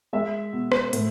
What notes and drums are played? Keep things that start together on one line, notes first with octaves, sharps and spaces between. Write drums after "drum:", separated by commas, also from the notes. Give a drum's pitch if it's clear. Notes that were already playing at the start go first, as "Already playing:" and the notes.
G#3 E5
B2
drum: rim click
A2, drum: hi-hat